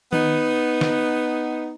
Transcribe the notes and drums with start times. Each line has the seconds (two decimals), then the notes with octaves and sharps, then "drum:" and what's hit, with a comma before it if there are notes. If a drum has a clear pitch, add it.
0.13 B3 D#4, drum: tom D#3
0.81 drum: snare